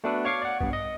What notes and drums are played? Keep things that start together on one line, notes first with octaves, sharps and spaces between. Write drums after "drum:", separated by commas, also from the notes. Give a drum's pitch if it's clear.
A3 B3 D4 F#4 A4 B4
C#5 F5 C#6 D6 F6 C7
D5 F#5
G2 B3, drum: kick A#1
D#5